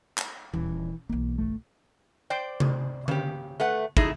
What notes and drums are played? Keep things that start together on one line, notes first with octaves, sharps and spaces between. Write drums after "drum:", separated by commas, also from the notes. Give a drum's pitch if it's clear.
drum: clap
D#1 E3
B1 E3 A#3
G1 A3
C5 D5 G5
drum: tom C3
C#3 G4, drum: tom D3
A3 B4 F#5
A3 D#4 E4 G#4, drum: kick